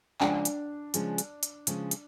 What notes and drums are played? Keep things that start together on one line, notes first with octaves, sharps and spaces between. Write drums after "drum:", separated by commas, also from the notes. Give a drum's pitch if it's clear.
C#3 F3 G#3 C#4 D4, drum: clap
drum: hi-hat
C#3 F3 G#3 C#4, drum: hi-hat
drum: hi-hat
drum: hi-hat
C#3 F3 G#3 C#4, drum: hi-hat
drum: hi-hat